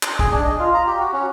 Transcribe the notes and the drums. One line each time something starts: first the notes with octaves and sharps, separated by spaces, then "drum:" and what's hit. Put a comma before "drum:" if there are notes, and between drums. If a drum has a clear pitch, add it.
drum: clap
G#4, drum: kick
D4
D#5
F4
A#5
G4
F#4
C#4